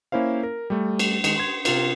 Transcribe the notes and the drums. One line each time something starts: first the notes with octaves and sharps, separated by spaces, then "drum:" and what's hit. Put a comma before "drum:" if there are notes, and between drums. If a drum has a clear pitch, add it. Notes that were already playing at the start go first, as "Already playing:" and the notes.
A#3 C#4 E4 C5 F5
A#4
G3 A3
drum: cymbal
D#3 G#3 C#7, drum: cymbal
C6 G#6
C3 F4 A#4, drum: cymbal